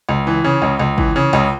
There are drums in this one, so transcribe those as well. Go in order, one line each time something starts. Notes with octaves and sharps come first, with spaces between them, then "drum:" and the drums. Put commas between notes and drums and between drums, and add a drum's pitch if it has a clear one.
C#2
E3
C#3
C#2
C#2
E3, drum: kick
C#3
C#2